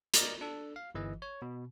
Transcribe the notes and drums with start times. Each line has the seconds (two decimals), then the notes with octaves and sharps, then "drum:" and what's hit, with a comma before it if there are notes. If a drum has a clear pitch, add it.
0.14 A#4 D5 D#5 A#5, drum: hi-hat
0.41 D4 A4
0.76 F5
0.95 G1 E3 D#5
1.22 C#5
1.42 B2